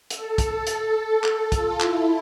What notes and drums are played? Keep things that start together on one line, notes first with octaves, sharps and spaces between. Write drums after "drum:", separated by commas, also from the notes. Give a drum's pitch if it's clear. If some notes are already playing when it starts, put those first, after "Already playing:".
A4, drum: hi-hat
A4, drum: kick, hi-hat
A4, drum: hi-hat
drum: clap
F4, drum: kick, hi-hat
E4, drum: clap